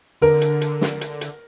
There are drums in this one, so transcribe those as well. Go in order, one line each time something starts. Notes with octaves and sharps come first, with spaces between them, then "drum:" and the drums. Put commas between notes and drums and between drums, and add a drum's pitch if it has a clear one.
D3 A#4
drum: hi-hat
drum: hi-hat
drum: snare
drum: hi-hat
drum: hi-hat